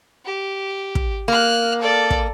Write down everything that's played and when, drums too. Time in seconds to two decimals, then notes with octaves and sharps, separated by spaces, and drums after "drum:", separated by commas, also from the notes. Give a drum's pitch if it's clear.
0.25 G4
0.95 drum: kick
1.28 A#3 F6 F#6
1.81 A4 D5
2.10 drum: kick